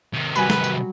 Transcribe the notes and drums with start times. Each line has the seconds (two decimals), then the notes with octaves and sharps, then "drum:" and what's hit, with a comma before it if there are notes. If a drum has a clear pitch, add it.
0.13 C3 D#3
0.36 F#3 G3 B4 G#5 B5, drum: tambourine
0.50 drum: snare
0.64 drum: tambourine